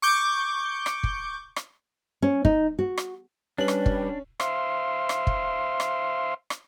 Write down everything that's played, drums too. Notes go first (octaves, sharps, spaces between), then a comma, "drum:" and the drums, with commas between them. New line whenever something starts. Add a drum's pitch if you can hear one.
C#6 D6 G6
drum: rim click
drum: kick
drum: rim click
C#4
D#4, drum: kick
F#4
drum: rim click
G3 C#4 D4 B4 F#7
drum: rim click
drum: kick
C5 E5 F5 C6, drum: rim click
drum: rim click
drum: kick
drum: rim click
drum: rim click